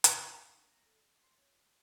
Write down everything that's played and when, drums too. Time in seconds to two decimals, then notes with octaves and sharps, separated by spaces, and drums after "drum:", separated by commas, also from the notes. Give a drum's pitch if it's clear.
0.04 drum: hi-hat
0.23 C#4
0.40 E5
0.57 D4
0.71 A#5
0.86 A4
1.02 D5
1.23 C6
1.36 C#5
1.52 F4
1.66 G4